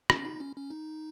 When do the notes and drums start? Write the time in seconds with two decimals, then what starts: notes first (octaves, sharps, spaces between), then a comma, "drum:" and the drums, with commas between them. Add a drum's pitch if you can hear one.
0.10 C#4, drum: rim click
0.25 D#4
0.40 C#4
0.56 C#4
0.70 D#4